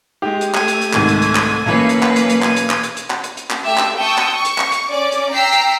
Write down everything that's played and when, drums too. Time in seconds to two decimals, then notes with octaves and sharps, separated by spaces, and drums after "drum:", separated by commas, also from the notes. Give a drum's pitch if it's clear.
0.22 G#3 G4
0.41 drum: hi-hat
0.55 A3 G#5, drum: clap
0.68 drum: hi-hat
0.81 drum: hi-hat
0.93 C2 G#2 D#3, drum: clap
1.08 drum: hi-hat
1.22 drum: hi-hat
1.35 drum: clap
1.66 B1 E3 A#3 C#4 B4
1.89 drum: hi-hat
2.03 drum: clap
2.16 drum: hi-hat
2.29 drum: hi-hat
2.42 G#5, drum: clap
2.56 drum: hi-hat
2.70 drum: clap
2.83 drum: hi-hat
2.97 drum: hi-hat
3.10 drum: clap
3.24 drum: hi-hat
3.37 drum: hi-hat
3.51 drum: clap
3.62 A3 G4 E5
3.77 drum: clap
3.98 G5 A5 C#6 D#6 E6
4.18 drum: clap
4.35 C#6
4.45 drum: hi-hat
4.58 drum: clap
4.72 drum: hi-hat
4.91 C#4 D5 D6
5.12 drum: hi-hat
5.34 G5 A#5 E6 B6 C7
5.52 drum: hi-hat